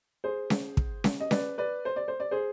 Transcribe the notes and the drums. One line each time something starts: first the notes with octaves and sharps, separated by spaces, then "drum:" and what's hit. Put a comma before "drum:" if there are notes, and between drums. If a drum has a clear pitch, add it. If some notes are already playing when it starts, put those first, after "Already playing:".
G#4 C5
drum: snare C#4
drum: kick
drum: snare C#4
D#5
B4 D5, drum: snare C#4
B4 D5
C5
D5
C5
D5
G#4 C5